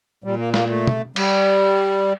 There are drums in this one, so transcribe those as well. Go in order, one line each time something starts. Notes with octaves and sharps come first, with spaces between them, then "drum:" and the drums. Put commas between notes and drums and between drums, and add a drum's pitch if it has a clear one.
A#2 G3
A#3
A#3, drum: snare
A3
drum: tom
G3, drum: cymbal